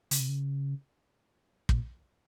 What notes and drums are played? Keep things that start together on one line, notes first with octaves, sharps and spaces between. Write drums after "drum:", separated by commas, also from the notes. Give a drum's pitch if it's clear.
C#3, drum: hi-hat
C3
C#3
A#2, drum: kick